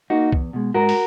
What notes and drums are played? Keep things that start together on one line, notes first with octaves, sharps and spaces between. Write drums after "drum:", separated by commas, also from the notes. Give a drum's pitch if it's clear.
A#3 D#4 F#4
E2, drum: kick
B2 G#3
G#2 F#4 A#4
drum: open hi-hat